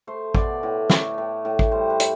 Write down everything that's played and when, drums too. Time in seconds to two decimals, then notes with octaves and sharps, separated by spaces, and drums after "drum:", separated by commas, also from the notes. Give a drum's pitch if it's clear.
0.07 A3 C5
0.35 B2 D5, drum: kick
0.63 A2
0.90 A3, drum: snare
1.18 A2
1.45 A2
1.59 drum: kick
1.72 G3 C5
1.90 B4
2.00 G3, drum: hi-hat